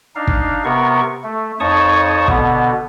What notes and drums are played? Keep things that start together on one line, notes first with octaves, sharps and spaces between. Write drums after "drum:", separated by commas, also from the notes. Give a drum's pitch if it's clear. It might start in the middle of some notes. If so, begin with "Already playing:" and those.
D4 D#4 F5
drum: kick
C3 B3 A#4 C#6
A3
F2 D#4 C#5 A5 C#6 D#6
B2 D3 B3, drum: kick